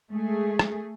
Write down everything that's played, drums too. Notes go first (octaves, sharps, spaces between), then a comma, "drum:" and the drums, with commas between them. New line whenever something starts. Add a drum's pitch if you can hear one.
G#3 A3 G#4
drum: rim click